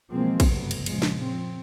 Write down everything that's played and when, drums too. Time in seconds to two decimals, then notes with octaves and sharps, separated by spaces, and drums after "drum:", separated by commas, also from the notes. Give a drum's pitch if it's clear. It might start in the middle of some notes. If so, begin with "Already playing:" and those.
0.11 B2 E3 F3 G#3 A#3 C4
0.40 drum: kick, cymbal
0.49 F#1 G2 C3 F#3 A3 B3
0.71 drum: cymbal
0.86 A#2 C#3 F3 G#3, drum: cymbal
1.02 drum: snare
1.25 C4